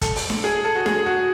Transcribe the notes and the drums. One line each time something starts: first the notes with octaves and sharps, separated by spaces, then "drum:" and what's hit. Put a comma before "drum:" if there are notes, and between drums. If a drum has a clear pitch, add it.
A4, drum: kick, hi-hat
drum: open hi-hat
drum: snare D4
G#4
A4
F#4
G#4, drum: snare D4
F#4